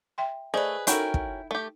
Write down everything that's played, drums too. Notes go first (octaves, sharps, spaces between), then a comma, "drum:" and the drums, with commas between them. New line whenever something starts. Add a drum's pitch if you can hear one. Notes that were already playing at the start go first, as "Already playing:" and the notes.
E5 G5 C6
A3 G#4 B4 C5 D5 D#5
C#4 D#4 E4 F#4 A4 A#4 G5, drum: hi-hat
drum: kick
A3 G4